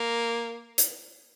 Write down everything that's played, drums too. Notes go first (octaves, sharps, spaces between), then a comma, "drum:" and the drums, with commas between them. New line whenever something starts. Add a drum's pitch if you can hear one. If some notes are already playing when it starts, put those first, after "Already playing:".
Already playing: A#3
drum: hi-hat